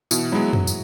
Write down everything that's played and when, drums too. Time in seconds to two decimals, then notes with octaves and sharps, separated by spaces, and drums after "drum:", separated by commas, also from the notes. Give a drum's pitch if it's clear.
0.11 B2 E3, drum: tambourine
0.32 F#3 G#3 B3 E4
0.53 drum: tom
0.67 drum: tambourine